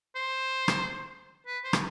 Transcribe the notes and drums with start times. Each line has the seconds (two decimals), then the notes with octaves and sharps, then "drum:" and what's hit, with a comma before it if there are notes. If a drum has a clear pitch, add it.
0.15 C5
0.68 drum: rim click
1.47 B4
1.64 C5
1.73 drum: rim click